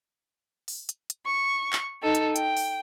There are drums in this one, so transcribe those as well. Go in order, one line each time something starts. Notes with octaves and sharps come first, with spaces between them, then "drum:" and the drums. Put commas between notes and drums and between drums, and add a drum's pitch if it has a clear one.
drum: open hi-hat
drum: hi-hat
drum: hi-hat
C#6
drum: clap
D#4 A4
drum: hi-hat
G5, drum: hi-hat
drum: open hi-hat